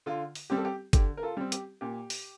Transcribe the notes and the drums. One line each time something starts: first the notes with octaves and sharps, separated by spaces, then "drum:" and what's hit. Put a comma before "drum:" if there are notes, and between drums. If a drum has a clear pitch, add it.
D3 F4
drum: open hi-hat
G3 C4 G4
A4
G4
D3 G4, drum: kick G1, hi-hat
A#4
F4 A4
G3 C4
G4, drum: hi-hat
A#2 G4
drum: open hi-hat